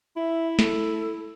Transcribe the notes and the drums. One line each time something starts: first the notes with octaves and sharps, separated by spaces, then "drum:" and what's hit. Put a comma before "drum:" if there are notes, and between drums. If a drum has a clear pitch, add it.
E4 E5
A4, drum: snare